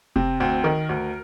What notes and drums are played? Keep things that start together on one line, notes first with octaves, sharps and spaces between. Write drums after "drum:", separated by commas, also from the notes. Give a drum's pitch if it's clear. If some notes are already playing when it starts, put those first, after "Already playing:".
C3 C4, drum: kick F1
D2 C4
D#3 A#4
D2